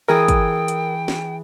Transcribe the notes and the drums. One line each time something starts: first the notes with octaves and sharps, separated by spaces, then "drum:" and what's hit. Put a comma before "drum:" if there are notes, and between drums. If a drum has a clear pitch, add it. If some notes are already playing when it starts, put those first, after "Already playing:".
E3 G#4 A#4 G5 D#6
drum: kick, hi-hat
drum: hi-hat
drum: snare